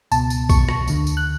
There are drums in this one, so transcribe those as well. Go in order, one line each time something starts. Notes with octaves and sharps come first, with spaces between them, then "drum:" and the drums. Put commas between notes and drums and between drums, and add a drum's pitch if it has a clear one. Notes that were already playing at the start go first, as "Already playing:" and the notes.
C#2 B2 A5, drum: tambourine
drum: tambourine
C#6, drum: kick, tambourine
drum: rim click
D2 D3, drum: tambourine
drum: tambourine
F#6